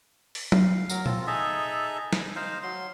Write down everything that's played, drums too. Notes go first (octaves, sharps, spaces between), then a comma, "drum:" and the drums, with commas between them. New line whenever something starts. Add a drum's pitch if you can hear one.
drum: open hi-hat
F5, drum: tom F#3
F#3 A#4, drum: tambourine
C4 F4 A4, drum: tom A#2
D#4 G#4 A4 E5
drum: snare
D#4 C5 F5
F#3 C6